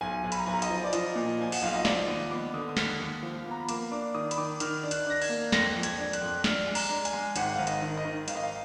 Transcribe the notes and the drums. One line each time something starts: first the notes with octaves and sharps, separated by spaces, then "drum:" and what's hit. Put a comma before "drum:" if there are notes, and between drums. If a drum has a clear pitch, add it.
B1 G#5
B1
B5, drum: hi-hat
A#5
B1 G#5
A#5
D#5, drum: hi-hat
F3
D5
F3 D#5, drum: hi-hat
A#2
F3 G#5
F#5, drum: open hi-hat
B1 F5
D#5
F3 D5, drum: snare
D#2 D#5
B3 D6
D3 D#6
D#6
D#2 F6, drum: snare
D#2
F3
B3
A#5
B5
A#3 D6, drum: hi-hat
D4 D6
D#3 D#6
B5, drum: hi-hat
D#3 D6
D#3 F6, drum: hi-hat
D4
F#6, drum: hi-hat
D4 A#6
G#6, drum: open hi-hat
A#3
F2 A#6, drum: snare
F2
G#6, drum: hi-hat
D4
F#6, drum: hi-hat
F2
D4 F6, drum: snare
G#3
A#5, drum: open hi-hat
D4
G#5, drum: hi-hat
G#3
G#1 F#5, drum: hi-hat
G#1 F5
D#5, drum: hi-hat
D#3
D#5
D#3
G#1 F5, drum: hi-hat
D#5
F5